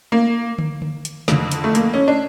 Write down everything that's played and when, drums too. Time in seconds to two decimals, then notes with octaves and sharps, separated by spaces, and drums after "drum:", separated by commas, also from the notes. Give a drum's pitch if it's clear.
0.12 A#3
0.59 drum: tom D3
0.82 drum: tom D3
1.05 drum: hi-hat
1.28 F2 D3, drum: snare
1.51 drum: hi-hat
1.64 A3
1.75 A#3, drum: hi-hat
1.93 C#4
2.08 D4